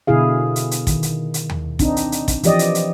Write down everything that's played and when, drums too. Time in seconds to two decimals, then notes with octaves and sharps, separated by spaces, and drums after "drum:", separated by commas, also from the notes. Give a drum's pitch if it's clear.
0.07 B2 D3 E4 G#4 F5
0.56 drum: hi-hat
0.71 drum: hi-hat
0.87 D#3, drum: kick, hi-hat
1.03 drum: hi-hat
1.34 drum: hi-hat
1.50 drum: tom D#2
1.79 C4 D4 D#4, drum: kick, hi-hat
1.96 drum: hi-hat
2.12 drum: hi-hat
2.28 drum: kick, hi-hat
2.43 E3 F3 G4 D5 D#5, drum: hi-hat
2.59 drum: hi-hat
2.75 drum: hi-hat